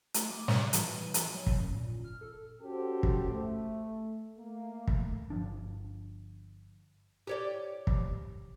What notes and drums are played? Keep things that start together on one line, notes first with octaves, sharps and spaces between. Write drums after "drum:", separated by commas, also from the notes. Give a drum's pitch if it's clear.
A3, drum: hi-hat
D6
G3, drum: snare
E3, drum: hi-hat
E3
G#5, drum: hi-hat
F#3
drum: kick
F#2
A#2
F6
A4
C#4 F#4 G4 A4 C5
drum: kick
A3
A3 A#3
drum: kick
G1 F3 D4
G4 C#5 D5
drum: kick